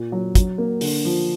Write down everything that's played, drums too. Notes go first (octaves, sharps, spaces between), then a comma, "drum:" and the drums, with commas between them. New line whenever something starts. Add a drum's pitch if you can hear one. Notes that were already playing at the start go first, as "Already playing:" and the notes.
Already playing: A#2
F#3
F#3, drum: kick, hi-hat
A#3
D3, drum: open hi-hat
F3